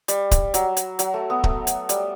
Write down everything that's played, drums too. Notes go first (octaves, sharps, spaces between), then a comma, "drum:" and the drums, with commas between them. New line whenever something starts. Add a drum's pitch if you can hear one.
G3, drum: hi-hat
drum: kick D1, hi-hat
F#3, drum: hi-hat
drum: hi-hat
F#3, drum: hi-hat
A3
B3
A3, drum: kick D1
drum: hi-hat
G3, drum: hi-hat